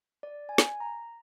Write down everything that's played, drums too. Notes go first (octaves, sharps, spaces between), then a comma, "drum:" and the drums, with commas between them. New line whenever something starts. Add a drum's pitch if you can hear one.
D5
G#5
drum: snare
A#5